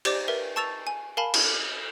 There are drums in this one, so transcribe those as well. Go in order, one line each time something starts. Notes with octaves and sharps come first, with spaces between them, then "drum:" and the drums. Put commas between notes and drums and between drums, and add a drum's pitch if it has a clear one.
G4 C5 D5 D6, drum: cymbal
A#4 B4 E5
A5 C#6 E6 A6 E7 F7
G#5
A#4 F5 G#5 A5 B5
drum: cymbal